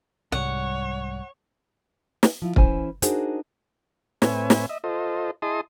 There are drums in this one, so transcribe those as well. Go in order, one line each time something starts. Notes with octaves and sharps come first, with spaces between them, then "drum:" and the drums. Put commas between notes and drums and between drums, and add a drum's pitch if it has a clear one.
C2 G#2 G3 C#5 F#5
drum: snare
F3 E4 F4
E3 C#4 E4 C5 G#5, drum: kick
D4 D#4 F#4 G#4 A#4 C5, drum: hi-hat
A2 C4 B4 C#5 E5 G#5, drum: snare
drum: snare
D#5 E5
F4 A4 C5 D#5
E4 G#4 D#5 A5 C6 D#6